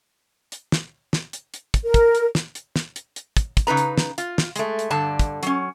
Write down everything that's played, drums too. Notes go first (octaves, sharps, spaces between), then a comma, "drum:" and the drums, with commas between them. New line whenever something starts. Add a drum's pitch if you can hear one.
drum: hi-hat
drum: snare
drum: snare
drum: hi-hat
drum: hi-hat
drum: kick, hi-hat
A#4
drum: kick, hi-hat
drum: hi-hat
drum: snare
drum: hi-hat
drum: snare
drum: hi-hat
drum: hi-hat
drum: kick, hi-hat
drum: kick, hi-hat
C#3 D#4 B4 A#5
drum: hi-hat
drum: snare
F4, drum: hi-hat
drum: snare
G#3 A3, drum: hi-hat
drum: hi-hat
G2 D3 A5
drum: kick, hi-hat
F#3 C#4, drum: hi-hat